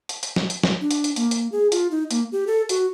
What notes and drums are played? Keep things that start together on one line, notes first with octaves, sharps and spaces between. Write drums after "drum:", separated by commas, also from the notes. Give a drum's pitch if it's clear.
drum: hi-hat
drum: hi-hat
drum: snare
drum: hi-hat
drum: snare
D4
drum: hi-hat
drum: hi-hat
A#3, drum: hi-hat
drum: hi-hat
G#4
F4, drum: hi-hat
D#4
A#3, drum: hi-hat
G4
A4
F#4, drum: hi-hat